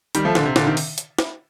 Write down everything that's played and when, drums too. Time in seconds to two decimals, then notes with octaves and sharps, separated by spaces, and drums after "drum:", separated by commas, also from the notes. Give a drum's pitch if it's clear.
0.15 D#3 G3, drum: hi-hat
0.25 F3 A3
0.35 A#2 D3, drum: snare
0.46 C3
0.56 A#2 D3, drum: snare
0.67 C3 D#3
0.77 drum: open hi-hat
0.98 drum: hi-hat
1.19 drum: snare